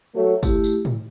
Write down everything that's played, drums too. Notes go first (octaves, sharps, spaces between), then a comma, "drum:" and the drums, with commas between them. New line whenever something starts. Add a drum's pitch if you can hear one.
F#3 A3
A3 E4 G4, drum: kick, tambourine
drum: tambourine
drum: tom